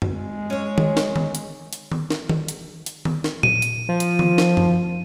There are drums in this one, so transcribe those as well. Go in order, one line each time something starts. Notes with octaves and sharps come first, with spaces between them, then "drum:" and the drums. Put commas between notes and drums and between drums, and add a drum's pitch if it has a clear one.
drum: tom F#2
G#3
C#4 C#5
drum: tom D#3
drum: snare
drum: tom D#3
drum: hi-hat
drum: hi-hat
drum: tom D#3
drum: snare
drum: tom D#3
drum: hi-hat
drum: hi-hat
drum: tom D#3
drum: snare
D#7, drum: tom A#2
drum: hi-hat
F3
drum: hi-hat
drum: tom D#3
drum: snare
drum: tom F#2